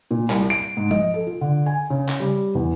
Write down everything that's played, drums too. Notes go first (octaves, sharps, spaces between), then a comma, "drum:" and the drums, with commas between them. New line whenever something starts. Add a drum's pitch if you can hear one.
A#2
C2, drum: clap
D7
G#2
D#5, drum: tom F3
A4
F4
D3
G#5
C#3
drum: clap
G3
E2